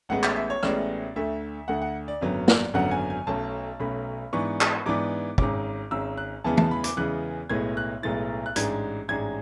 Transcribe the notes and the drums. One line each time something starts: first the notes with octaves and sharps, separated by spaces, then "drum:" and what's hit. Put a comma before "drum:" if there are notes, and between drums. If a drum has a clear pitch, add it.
A1 A2 G#3 B3 F#5
E5, drum: clap
E5
C#5
A1 A2 G#3 B3 D5, drum: rim click
D2 D3 A3 E5
D2 D3 A3 F#5
F#5
D5
G#1 F#2 D3 F#3 B3
D5, drum: snare A#3
G#1 F#2 D3 F#3 B3 F#5
G#5
G#5
B1 B2 A3 C#4 A5
B1 B2 A3 C#4 B5
G#2 E3 B3 D4 C#6
drum: clap
G#2 E3 B3 D4 D6
G#1 G#2 G#3 C#4 D6, drum: kick
G#1 G#2 G#3 C#4 E6
F#6
E2 C#3 E3 G#3 B3 A5
A5, drum: tom
B5
D6, drum: hi-hat
E2 C#3 E3 G#3 B3 F#6
B1 A2 G#3 B3 E4 G#6
F#6
B1 A2 G#3 B3 E4 A6
F#6
A1 G#2 G#3 D4 G#6, drum: hi-hat
A1 G#2 G#3 D4 G#6